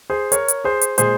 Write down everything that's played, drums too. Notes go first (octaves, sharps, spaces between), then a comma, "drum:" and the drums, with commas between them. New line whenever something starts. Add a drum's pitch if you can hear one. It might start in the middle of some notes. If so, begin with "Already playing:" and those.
G#4 C5
A#4 C#5, drum: hi-hat
drum: hi-hat
G#4 C5
drum: hi-hat
A#2 G#3 G#4 C5, drum: hi-hat